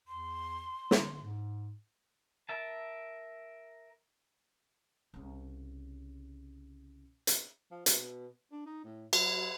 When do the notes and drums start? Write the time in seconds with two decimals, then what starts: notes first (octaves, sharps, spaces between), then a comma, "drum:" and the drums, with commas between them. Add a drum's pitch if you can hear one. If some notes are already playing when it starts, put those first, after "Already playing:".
0.07 E2 C6
0.91 D3, drum: snare
1.21 G#2
2.49 A#4 E5 A5
5.14 C2 C#3
7.27 drum: hi-hat
7.71 F3
7.86 B2, drum: hi-hat
8.52 D4
8.66 D#4
8.84 A2
9.13 F#3, drum: cymbal